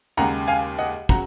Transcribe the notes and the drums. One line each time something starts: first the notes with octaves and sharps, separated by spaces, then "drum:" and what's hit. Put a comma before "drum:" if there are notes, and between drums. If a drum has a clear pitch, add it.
D#2 C#3 G#3 F#5 A#5
F5 G#5
D#5 F#5
C#3 F#3 F#5 A#5, drum: kick